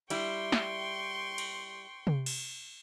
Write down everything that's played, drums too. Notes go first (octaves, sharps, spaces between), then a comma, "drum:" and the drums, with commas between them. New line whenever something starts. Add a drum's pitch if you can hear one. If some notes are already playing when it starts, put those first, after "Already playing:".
G3 E4 G5 C6 C#6, drum: cymbal
drum: snare
drum: cymbal
drum: tom C3
drum: cymbal